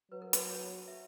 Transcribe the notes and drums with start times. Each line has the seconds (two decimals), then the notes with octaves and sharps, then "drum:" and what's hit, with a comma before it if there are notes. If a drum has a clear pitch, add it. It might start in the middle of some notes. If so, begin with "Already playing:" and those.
0.11 F#3 B4
0.22 A#4
0.33 B4, drum: hi-hat
0.49 C#5
0.88 E5